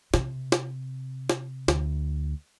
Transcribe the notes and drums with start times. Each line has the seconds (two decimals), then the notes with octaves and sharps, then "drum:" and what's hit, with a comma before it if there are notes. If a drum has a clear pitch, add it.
0.14 C3, drum: snare
0.52 drum: snare
1.30 drum: snare
1.68 D2, drum: snare